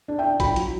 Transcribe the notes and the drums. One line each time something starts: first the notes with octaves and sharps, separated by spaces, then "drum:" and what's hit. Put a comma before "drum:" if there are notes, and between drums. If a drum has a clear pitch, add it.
D4
E5 G5
D4
F#3 G5 B5, drum: kick A#1, hi-hat
F#3, drum: hi-hat